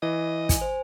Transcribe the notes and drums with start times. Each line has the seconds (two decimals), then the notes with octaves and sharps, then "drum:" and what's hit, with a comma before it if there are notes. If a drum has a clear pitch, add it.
0.03 E3 D#5
0.49 G#5, drum: kick, hi-hat
0.61 C5